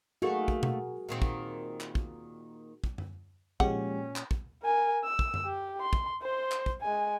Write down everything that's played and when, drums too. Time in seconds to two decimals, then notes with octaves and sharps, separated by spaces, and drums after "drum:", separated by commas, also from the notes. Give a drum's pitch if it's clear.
0.22 A3 A#3 D#4 F#4 G#4 A#4
0.48 drum: kick
0.63 drum: tom B2
1.09 A#2 D#3 C4
1.22 drum: kick
1.81 drum: clap
1.95 drum: kick
2.84 drum: kick
2.98 drum: tom F#2
3.60 A#2 F3 G#3 C#4 G4 F#5, drum: kick
4.16 drum: clap
4.31 drum: kick
4.63 A#4 G#5
5.04 E6
5.19 drum: kick
5.34 drum: tom F#2
5.45 G4
5.81 C6
5.93 drum: kick
6.22 C5 C6
6.52 drum: clap
6.66 drum: kick
6.82 G#3 G#5